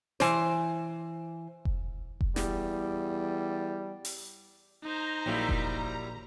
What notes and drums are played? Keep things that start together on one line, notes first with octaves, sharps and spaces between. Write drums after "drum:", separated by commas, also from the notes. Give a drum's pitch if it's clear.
E3 C5, drum: snare
drum: kick F1
drum: kick F1
E2 G3, drum: snare
drum: open hi-hat
D#4 C5 A#5
A#1 F#3 G3 A#3 E4
drum: kick F1